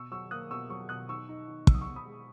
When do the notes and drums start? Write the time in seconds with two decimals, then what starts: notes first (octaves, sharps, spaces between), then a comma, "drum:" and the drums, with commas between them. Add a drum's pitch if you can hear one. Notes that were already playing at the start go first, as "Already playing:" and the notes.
Already playing: B2 C#6 E6
0.11 F#3 C#6 E6
0.31 A#3 D#6 F#6
0.51 B2 C#6 E6
0.70 F#3 C#6 E6
0.89 B2 D#6 F#6
1.09 D#3 C#6 E6
1.29 D#4
1.48 D#3
1.67 D#3 E6, drum: kick
1.75 D#6
1.81 C#6 E6
1.87 D#3
1.96 B5 D#6
2.06 G#3